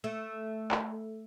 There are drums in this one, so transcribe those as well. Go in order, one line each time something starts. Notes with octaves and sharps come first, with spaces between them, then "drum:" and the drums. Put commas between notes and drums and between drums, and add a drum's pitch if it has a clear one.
A3
drum: clap